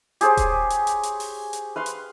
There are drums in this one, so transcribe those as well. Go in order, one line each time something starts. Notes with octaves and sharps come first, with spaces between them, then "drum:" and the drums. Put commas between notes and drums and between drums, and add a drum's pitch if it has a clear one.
G4 G#4 C5 C#5, drum: hi-hat
drum: kick D#1, hi-hat
drum: hi-hat
drum: hi-hat
drum: hi-hat
drum: open hi-hat
drum: hi-hat
B4 F5 C6
drum: hi-hat